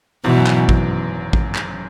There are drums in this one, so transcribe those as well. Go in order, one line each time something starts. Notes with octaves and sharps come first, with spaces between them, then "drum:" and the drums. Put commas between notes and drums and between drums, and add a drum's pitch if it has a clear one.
G#1 G#2 B2 E3
F#2
F#2, drum: clap
F#2
F#2, drum: kick
drum: kick
drum: clap